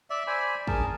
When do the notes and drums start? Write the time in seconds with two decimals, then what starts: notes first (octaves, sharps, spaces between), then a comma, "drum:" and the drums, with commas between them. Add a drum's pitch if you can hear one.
0.10 D5 E5
0.27 C5 D5 G#5 B5
0.67 G#4 A#4 A5, drum: kick